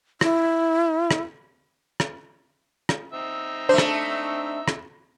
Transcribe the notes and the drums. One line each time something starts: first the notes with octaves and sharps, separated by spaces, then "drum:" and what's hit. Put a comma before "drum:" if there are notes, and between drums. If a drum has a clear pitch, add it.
E4, drum: rim click
drum: rim click
drum: rim click
drum: rim click
C4 D#4 E5
A3 D4 C5
drum: rim click
drum: rim click